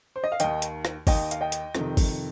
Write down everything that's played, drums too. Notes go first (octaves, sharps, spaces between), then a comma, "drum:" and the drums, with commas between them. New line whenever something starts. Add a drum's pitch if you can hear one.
C5
D#5
F5
D#2 D#3 D#5 G5, drum: hi-hat
drum: hi-hat
drum: rim click
D#2 D#3 D#5 G5, drum: kick, open hi-hat
F5, drum: hi-hat
D#5 G5
drum: hi-hat
F2 C3 D#3, drum: rim click
drum: kick, open hi-hat